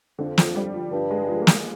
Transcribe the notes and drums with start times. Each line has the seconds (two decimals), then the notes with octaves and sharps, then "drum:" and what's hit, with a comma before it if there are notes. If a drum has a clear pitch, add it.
0.19 F2 D3
0.38 F3, drum: snare
0.56 G3
0.74 F3
0.91 G2 F3
1.11 G#3
1.28 F3
1.42 A#3
1.47 G#3, drum: snare